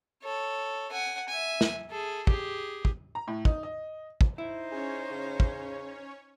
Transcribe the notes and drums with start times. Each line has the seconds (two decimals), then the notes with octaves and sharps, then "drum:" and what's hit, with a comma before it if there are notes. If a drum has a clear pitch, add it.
0.22 A4 C#5
0.92 F#5 G#5
1.29 E5 G#5
1.61 drum: snare
1.90 G#4 A4
2.27 G4 G#4, drum: kick
2.85 drum: kick
3.15 A#5
3.28 A2
3.45 D#4, drum: kick
3.63 D#5
4.21 drum: kick
4.38 D#4 E4 C5
4.71 C#4 G#4 C#5
5.10 C#3
5.40 drum: kick